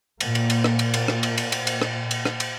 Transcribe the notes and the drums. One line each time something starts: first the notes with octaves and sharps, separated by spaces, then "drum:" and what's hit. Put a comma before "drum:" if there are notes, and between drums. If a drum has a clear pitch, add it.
A#2 A#3, drum: cymbal
drum: cymbal
drum: cymbal
drum: rim click
drum: cymbal
drum: cymbal
drum: rim click
drum: cymbal
drum: cymbal
drum: cymbal
drum: cymbal
drum: rim click
drum: cymbal
drum: rim click
drum: cymbal